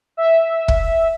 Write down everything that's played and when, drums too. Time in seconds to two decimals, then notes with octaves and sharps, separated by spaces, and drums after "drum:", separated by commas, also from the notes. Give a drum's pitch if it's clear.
0.17 E5
0.68 drum: kick